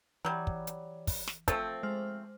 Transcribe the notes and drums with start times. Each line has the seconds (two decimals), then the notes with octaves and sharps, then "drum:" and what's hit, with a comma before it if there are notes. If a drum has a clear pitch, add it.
0.25 E3 F#3 G3
0.47 drum: kick
0.67 drum: hi-hat
1.07 drum: kick, open hi-hat
1.27 drum: snare
1.48 F3 A3 C4 A6, drum: kick, hi-hat
1.83 G#3 C5 F6